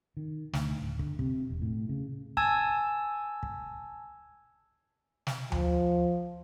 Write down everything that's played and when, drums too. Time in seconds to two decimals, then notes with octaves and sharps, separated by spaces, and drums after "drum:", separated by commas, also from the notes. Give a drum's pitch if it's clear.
0.17 D#3
0.53 D2, drum: snare
0.81 D1
0.99 D3, drum: kick
1.19 C3, drum: kick
1.50 E1
1.62 A2
1.89 C#3
2.37 G#5 A5 E6 G#6, drum: kick
3.43 drum: kick
5.27 drum: snare
5.52 F3, drum: tom D2